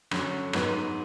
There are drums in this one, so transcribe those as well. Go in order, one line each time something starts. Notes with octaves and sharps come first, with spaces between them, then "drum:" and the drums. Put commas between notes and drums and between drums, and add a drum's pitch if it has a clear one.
D3 F#3 C#4, drum: rim click
G#2 F#3 B3, drum: rim click